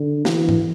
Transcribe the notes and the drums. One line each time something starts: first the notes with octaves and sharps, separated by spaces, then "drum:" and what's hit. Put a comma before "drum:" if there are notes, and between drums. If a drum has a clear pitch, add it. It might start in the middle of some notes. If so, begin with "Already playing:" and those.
Already playing: D3
E3, drum: snare
drum: tom G#2